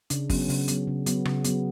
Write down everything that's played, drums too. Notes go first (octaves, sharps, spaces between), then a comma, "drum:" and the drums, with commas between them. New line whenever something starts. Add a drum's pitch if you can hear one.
C#3 D4, drum: hi-hat
F#3 B3 C#4, drum: kick, open hi-hat
C#3, drum: open hi-hat
F#3 B3, drum: hi-hat
C#3
F#3 B3, drum: hi-hat
C#3, drum: rim click
F#3 B3, drum: hi-hat